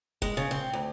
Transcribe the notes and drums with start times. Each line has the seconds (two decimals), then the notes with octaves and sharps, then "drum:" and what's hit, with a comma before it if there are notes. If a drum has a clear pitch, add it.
0.22 G#3, drum: kick F1
0.37 C#3
0.51 C4
0.73 D2